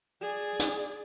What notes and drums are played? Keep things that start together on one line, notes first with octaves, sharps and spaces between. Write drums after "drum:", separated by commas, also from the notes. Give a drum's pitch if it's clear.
G#4 D5
drum: hi-hat